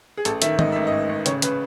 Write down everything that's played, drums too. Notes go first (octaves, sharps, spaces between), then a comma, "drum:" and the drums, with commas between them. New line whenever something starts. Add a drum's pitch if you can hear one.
G#4
A1 A4, drum: hi-hat
D#3 E5, drum: hi-hat
G#2 D#5, drum: tom D#3
A1 E5
A1 D#5
A1
C#3 C#5, drum: hi-hat
C#3 B4, drum: hi-hat